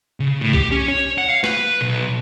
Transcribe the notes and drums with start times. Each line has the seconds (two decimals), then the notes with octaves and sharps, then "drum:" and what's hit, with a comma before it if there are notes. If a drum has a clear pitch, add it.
0.20 C#3
0.41 A2
0.53 G4, drum: kick B1
0.71 C#4
0.88 C#5
1.18 F#5
1.29 F5
1.44 B4, drum: snare
1.81 B1